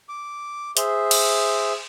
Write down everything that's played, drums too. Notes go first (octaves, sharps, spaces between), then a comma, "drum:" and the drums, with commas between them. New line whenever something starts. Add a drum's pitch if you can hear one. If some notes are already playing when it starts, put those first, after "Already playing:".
D6
G#4 C5 E5, drum: hi-hat
drum: cymbal